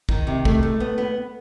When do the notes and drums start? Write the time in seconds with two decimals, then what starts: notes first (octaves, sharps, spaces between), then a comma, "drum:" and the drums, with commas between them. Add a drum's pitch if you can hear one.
0.09 D#3, drum: kick
0.27 C3
0.45 A3, drum: kick
0.63 A3
0.80 B3
0.98 B3